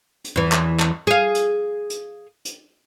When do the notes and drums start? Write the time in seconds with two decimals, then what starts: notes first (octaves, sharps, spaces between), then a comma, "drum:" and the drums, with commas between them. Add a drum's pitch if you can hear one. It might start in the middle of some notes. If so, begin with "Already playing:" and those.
0.24 drum: hi-hat
0.36 E2 E3
0.52 drum: clap
0.80 drum: clap
1.07 G#4 F5
1.35 drum: hi-hat
1.90 drum: hi-hat
2.45 drum: hi-hat